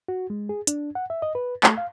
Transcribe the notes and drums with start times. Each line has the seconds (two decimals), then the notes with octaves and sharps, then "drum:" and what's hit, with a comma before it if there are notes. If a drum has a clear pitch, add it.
0.08 F#4
0.30 G#3
0.49 G#4
0.67 D4, drum: hi-hat
0.95 F#5
1.10 E5
1.22 D#5
1.35 B4
1.63 A3, drum: clap
1.78 F5